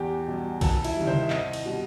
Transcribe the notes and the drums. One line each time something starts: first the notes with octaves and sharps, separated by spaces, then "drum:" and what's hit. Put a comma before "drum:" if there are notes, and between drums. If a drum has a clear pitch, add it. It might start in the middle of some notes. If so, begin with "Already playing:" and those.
Already playing: E2 G4
B2 G3
D#2 A4, drum: kick B1, cymbal
E4, drum: cymbal
D#3 G3
C5, drum: tom C3
E5
C2 D#5, drum: clap
drum: cymbal
B2 G3